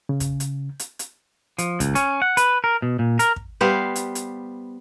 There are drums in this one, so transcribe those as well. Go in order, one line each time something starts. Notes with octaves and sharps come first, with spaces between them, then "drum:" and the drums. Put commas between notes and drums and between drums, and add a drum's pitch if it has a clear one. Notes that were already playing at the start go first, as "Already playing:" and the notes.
C#3
drum: kick, hi-hat
drum: hi-hat
drum: hi-hat
drum: hi-hat
F3, drum: hi-hat
C#2, drum: kick, hi-hat
C#4, drum: hi-hat
F#5
B4, drum: hi-hat
A#4
B2
A#2
A#4, drum: hi-hat
drum: kick
G3 B3 C5 F5
drum: hi-hat
drum: hi-hat